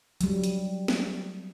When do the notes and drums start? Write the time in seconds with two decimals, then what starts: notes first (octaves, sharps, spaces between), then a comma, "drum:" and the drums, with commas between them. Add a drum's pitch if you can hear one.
0.21 F#3 G3, drum: hi-hat
0.44 drum: hi-hat
0.88 drum: snare